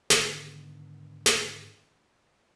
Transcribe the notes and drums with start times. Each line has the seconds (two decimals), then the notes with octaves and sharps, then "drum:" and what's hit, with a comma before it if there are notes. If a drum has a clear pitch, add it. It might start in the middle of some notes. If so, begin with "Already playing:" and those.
0.10 G#2 D3 D#3 B3, drum: snare
1.26 drum: snare